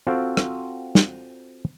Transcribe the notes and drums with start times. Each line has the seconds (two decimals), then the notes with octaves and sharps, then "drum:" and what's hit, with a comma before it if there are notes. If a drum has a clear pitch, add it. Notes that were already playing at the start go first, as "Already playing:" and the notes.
0.07 C4 F4 F#4 A4 C5 G5
0.37 drum: rim click
0.95 drum: snare